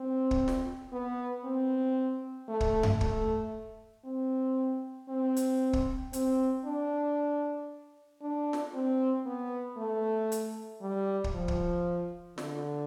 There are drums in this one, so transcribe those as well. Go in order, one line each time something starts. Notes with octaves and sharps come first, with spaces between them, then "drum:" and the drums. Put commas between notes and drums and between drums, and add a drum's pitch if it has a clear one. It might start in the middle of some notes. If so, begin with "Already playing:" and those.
Already playing: C4
drum: kick
drum: snare
B3
C4
A3
drum: kick
drum: tom F#2
A3, drum: kick
C4
C4
drum: hi-hat
drum: kick
C4, drum: hi-hat
D4
D4
drum: snare
C4
B3
A3
drum: hi-hat
G3
drum: kick
F3
drum: kick
D3, drum: snare